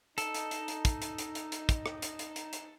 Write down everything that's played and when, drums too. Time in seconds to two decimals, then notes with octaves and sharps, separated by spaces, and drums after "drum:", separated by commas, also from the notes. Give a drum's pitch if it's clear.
0.18 D#4 A4, drum: hi-hat
0.34 drum: hi-hat
0.51 drum: hi-hat
0.68 drum: hi-hat
0.85 drum: kick, hi-hat
1.02 drum: hi-hat
1.18 drum: hi-hat
1.35 drum: hi-hat
1.52 drum: hi-hat
1.69 drum: kick, hi-hat
1.86 drum: rim click
2.02 drum: hi-hat
2.19 drum: hi-hat
2.36 drum: hi-hat
2.53 drum: hi-hat